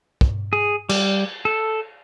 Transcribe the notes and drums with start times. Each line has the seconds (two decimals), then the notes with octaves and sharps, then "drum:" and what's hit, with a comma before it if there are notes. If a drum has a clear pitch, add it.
0.21 drum: kick
0.53 G#4
0.89 G3, drum: cymbal
1.45 A4